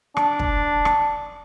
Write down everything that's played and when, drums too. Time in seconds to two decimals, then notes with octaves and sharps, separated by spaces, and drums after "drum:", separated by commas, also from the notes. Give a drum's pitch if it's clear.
0.17 D4, drum: rim click
0.39 drum: kick
0.85 drum: rim click